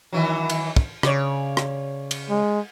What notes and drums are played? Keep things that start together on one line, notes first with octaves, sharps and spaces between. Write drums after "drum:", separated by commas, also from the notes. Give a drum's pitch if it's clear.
D#3 E3 F#3
drum: cymbal
drum: kick
C#3 C#5 D5, drum: rim click
drum: rim click
drum: cymbal
G#3